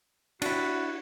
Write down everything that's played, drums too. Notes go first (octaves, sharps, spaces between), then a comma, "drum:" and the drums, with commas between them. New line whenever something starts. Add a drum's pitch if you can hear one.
D4 E4 F#4, drum: cymbal